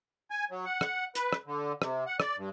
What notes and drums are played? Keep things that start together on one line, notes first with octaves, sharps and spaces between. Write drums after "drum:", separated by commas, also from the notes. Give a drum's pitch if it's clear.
G#5
F#3
F#5
drum: rim click
B4, drum: hi-hat
drum: rim click
D3
C3, drum: rim click
F#5
D5, drum: rim click
G2